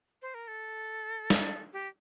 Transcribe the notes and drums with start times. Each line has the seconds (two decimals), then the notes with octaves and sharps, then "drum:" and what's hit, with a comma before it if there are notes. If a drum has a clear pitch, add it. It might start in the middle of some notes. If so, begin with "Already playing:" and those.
0.22 C5
0.34 A#4
0.48 A4
1.30 drum: snare
1.73 G4